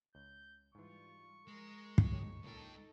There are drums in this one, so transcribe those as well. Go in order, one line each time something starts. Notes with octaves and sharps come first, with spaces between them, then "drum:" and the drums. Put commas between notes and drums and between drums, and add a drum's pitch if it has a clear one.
C#2 G6
G#2 E3 G3 F4 C#6
F3 G#3 A#4
drum: kick
A#3 D#4 G4 A4 C#5
C#2 G2 A#2 D#4 A4 G5 A#5